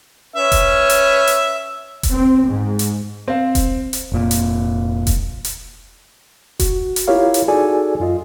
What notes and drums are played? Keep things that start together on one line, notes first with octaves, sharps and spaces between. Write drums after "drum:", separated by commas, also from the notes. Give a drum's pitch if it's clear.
C#4 B4 E5
drum: kick E1, hi-hat
drum: hi-hat
drum: hi-hat
drum: kick E1, hi-hat
C4
G#2
drum: hi-hat
C4 C5 F5
drum: kick E1, hi-hat
drum: hi-hat
F1 A#2
drum: hi-hat
drum: kick E1, hi-hat
drum: hi-hat
F#4, drum: kick E1, hi-hat
drum: hi-hat
E4 F4 G4 A#4 C#5 F5
drum: hi-hat
D#4 F#4 G#4 A4 D5 G#5
F#2 F4 D#5